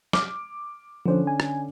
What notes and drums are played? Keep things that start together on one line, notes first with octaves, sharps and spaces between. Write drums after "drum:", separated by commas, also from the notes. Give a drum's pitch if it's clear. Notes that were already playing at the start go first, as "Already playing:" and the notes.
D6 F6, drum: snare
D3 F3 C#4 D4 C5
G#5
drum: rim click